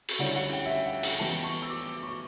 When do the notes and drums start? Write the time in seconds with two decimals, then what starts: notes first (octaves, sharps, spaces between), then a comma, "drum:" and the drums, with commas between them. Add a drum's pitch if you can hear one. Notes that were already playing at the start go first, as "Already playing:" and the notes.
0.09 drum: cymbal
0.19 D3 G3 C#4 E4 F#5
0.36 F#5
0.53 G5
0.66 E5
0.69 F#5
0.86 F#5
1.03 G5, drum: cymbal
1.20 E3 B3 E4 A5
1.44 C#6
1.62 E6
1.70 D6
1.86 D6
2.03 C#6